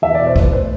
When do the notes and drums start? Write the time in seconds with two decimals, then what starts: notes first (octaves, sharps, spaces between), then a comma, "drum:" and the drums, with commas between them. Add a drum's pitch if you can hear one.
0.02 E2 E5
0.15 B2 D5
0.27 C5
0.36 F1 B4, drum: kick
0.53 C5